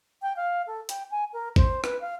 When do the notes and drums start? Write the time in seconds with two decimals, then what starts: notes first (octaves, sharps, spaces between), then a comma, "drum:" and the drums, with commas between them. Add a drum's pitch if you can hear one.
0.22 G5
0.36 F5
0.67 A4
0.89 G5, drum: hi-hat
1.11 G#5
1.33 A#4
1.56 C5, drum: kick
1.84 B4, drum: rim click
2.01 F5